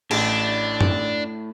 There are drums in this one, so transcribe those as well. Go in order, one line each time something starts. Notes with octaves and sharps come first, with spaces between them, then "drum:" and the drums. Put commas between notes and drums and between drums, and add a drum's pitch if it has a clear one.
A1 A2 D4, drum: cymbal
drum: tom